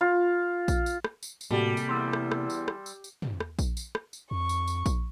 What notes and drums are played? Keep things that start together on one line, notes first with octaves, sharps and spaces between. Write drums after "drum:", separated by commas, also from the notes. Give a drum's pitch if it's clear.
F4
drum: kick A#1, tambourine
drum: tambourine
drum: rim click
drum: tambourine
drum: tambourine
A2 C3 G3 A#3 F#4 G4 A4
drum: tambourine
E2 C6 E6
drum: rim click
drum: rim click
drum: tambourine
drum: rim click
drum: tambourine
drum: tambourine
drum: tom
drum: rim click
drum: kick A#1, tambourine
drum: tambourine
drum: rim click
drum: tambourine
F2 C#6
drum: tambourine
drum: tambourine
drum: kick A#1, tambourine